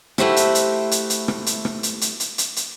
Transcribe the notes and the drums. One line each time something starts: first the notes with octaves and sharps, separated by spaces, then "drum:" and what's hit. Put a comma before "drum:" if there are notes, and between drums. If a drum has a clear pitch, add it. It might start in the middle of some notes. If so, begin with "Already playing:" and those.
A3 E4 F#4 G4 C5 E5, drum: rim click
drum: hi-hat
drum: hi-hat
drum: hi-hat
drum: hi-hat
drum: rim click
drum: hi-hat
drum: rim click
drum: hi-hat
drum: hi-hat
drum: hi-hat
drum: hi-hat
drum: hi-hat